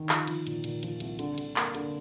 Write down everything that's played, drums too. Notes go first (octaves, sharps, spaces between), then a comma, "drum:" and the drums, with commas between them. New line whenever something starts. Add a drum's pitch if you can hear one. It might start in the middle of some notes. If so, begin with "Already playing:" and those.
Already playing: D#3
F3, drum: clap
F3, drum: cymbal
A#2, drum: cymbal
A#2, drum: cymbal
F3, drum: cymbal
C2, drum: cymbal
D3, drum: cymbal
D3, drum: cymbal
A#3, drum: clap
D3, drum: cymbal